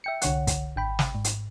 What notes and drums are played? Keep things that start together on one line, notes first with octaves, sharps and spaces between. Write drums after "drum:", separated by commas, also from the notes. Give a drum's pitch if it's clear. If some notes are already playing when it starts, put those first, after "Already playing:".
E5 G5 C#7
C2 D3 C#5 F#5, drum: hi-hat
drum: kick, hi-hat
G#1 G5 B5
drum: snare
G#2
drum: hi-hat